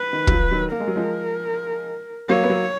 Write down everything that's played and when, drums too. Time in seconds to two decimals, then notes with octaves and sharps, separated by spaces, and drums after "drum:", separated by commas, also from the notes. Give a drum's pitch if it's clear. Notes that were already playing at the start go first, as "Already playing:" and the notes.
Already playing: B4
0.13 D#3
0.27 F#3, drum: kick
0.32 F3
0.51 D#3 F#3
0.72 A#3 A#4
0.80 G#3
0.88 F#3
0.96 F3 G#3
2.29 F#3 A#3 C#5
2.44 B3
2.50 F#3 A#3